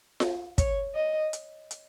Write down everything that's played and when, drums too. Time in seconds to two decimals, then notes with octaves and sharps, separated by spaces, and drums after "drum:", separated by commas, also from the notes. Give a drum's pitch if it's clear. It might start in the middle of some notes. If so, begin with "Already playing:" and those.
0.20 drum: snare F4
0.58 C#5, drum: kick, hi-hat
0.95 D#5
1.33 drum: hi-hat
1.71 drum: hi-hat